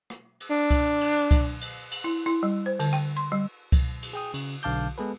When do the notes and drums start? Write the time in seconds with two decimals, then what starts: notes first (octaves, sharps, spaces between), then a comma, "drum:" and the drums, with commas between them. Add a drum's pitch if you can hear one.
0.10 drum: rim click
0.40 drum: cymbal
0.50 D4
0.71 drum: kick C2, cymbal
1.01 drum: cymbal
1.31 drum: kick C2, cymbal
1.61 drum: cymbal
1.91 drum: cymbal
2.04 E4
2.26 E4
2.43 G3
2.66 C5
2.79 D3, drum: cymbal
2.93 G5
3.17 C6
3.32 G3
3.72 drum: kick C2, cymbal
4.03 drum: cymbal
4.13 G#4 G5 D#6
4.34 C#3, drum: cymbal
4.63 B1 D3 F5 A5 D6 G6
4.98 G#3 B3 G#4 A4 B4